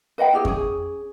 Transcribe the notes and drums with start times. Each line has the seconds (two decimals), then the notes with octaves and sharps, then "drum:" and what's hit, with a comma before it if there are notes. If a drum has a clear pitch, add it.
0.18 B4 D#5 F#5 G5
0.33 E4 G4 G#4
0.45 C#4 G#4, drum: kick F2